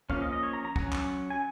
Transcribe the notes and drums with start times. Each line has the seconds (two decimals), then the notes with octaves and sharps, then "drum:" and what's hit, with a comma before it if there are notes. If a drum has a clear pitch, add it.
0.10 F3 A#3 C#4 F5, drum: kick
0.22 D#5
0.33 D#5
0.43 C#5
0.53 A#5
0.65 A#5
0.76 F#3 C#4 F#5, drum: kick
0.92 drum: clap
1.30 G#5